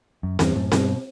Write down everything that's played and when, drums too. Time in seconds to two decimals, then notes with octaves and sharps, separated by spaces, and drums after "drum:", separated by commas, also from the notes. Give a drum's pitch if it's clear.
0.23 F#2
0.39 E2 G2, drum: snare C4
0.55 F#2 A2
0.72 G2 B2, drum: snare C4